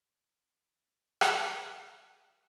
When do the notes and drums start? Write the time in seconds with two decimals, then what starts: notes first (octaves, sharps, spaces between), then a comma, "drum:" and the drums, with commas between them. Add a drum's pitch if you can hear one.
0.03 G2 B2 D#3 C#4 D4
1.21 drum: rim click